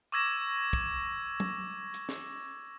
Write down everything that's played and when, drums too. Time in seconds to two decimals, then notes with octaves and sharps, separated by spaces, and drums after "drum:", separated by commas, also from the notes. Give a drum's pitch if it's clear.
0.12 C#6 D6 E6 G#6 A#6 E7, drum: tambourine
0.73 drum: kick
1.40 drum: tom F#3
1.94 drum: hi-hat
2.09 drum: snare